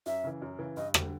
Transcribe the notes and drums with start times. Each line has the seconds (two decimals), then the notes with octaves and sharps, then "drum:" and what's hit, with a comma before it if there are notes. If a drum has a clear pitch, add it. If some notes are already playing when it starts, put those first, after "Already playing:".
0.06 F#2 E5
0.24 C#3 E3
0.42 F#2
0.59 C#3 E3
0.77 G2 D#5
0.94 D3 G3, drum: rim click